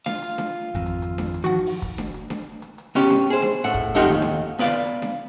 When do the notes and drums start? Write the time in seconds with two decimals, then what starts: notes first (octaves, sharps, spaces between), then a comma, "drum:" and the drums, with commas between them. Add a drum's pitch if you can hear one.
0.06 F4 F5, drum: snare D4
0.22 drum: hi-hat
0.38 drum: snare D4
0.75 G#1 F2
0.86 drum: hi-hat
1.02 drum: hi-hat
1.18 drum: snare D4
1.34 drum: hi-hat
1.44 D#3 F3 F#4 F#5
1.66 drum: open hi-hat
1.82 drum: kick, hi-hat
1.98 drum: snare D4
2.14 drum: hi-hat
2.30 drum: snare D4
2.62 drum: hi-hat
2.78 drum: hi-hat
2.95 B3 C#4 G4, drum: hi-hat
3.10 drum: snare D4
3.30 G#4 C5
3.42 drum: snare D4
3.64 A2 F#5
3.74 drum: kick, hi-hat
3.95 F2 F3 D#4 G4 F#5 A#5
4.09 D#2
4.22 drum: snare D4
4.59 B3 B4 D5 F5
4.70 drum: hi-hat
4.86 drum: hi-hat
5.02 drum: snare D4